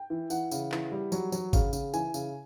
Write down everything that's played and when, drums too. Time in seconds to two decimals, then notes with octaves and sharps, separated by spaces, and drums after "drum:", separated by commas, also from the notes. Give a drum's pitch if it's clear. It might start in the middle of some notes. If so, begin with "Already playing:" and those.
Already playing: G5
0.10 E3
0.30 E3 F#5, drum: tambourine
0.51 C#3, drum: tambourine
0.72 E3, drum: clap
0.91 G3
1.12 F#3, drum: tambourine
1.32 F#3, drum: tambourine
1.53 C#3, drum: kick G#1, tambourine
1.73 C#3, drum: tambourine
1.94 E3 G#5, drum: tambourine
2.14 C#3, drum: tambourine